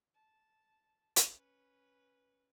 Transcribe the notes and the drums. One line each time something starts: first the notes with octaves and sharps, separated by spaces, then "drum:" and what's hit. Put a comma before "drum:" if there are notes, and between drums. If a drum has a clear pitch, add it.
A5
drum: hi-hat
C#4 B4